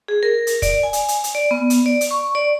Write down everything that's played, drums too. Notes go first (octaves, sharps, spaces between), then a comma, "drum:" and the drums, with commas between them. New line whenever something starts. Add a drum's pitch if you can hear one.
G#4
A#4
drum: hi-hat
D5, drum: kick, hi-hat
G#5
drum: hi-hat
drum: hi-hat
drum: hi-hat
D5
B3
drum: hi-hat
D5
drum: hi-hat
C#6
D5